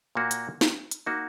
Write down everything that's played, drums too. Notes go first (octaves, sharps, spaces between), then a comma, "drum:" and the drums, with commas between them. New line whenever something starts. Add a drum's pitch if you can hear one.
A#2 A#3 F#4
drum: hi-hat
drum: snare
drum: hi-hat
A#3 D#4 F#4